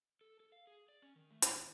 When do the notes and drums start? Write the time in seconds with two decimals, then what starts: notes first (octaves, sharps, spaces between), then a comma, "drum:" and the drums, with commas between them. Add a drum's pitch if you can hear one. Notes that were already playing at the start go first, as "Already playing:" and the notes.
0.21 A4
0.40 A4
0.52 F5
0.67 G#4
0.88 D5
1.02 C#4
1.16 D#3
1.30 A3
1.42 G#2, drum: hi-hat
1.56 D#3